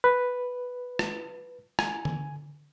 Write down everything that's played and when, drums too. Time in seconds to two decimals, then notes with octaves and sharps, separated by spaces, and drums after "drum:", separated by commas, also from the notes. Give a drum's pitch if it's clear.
0.04 B4
0.99 drum: rim click
1.79 G#5, drum: rim click
2.05 drum: tom D3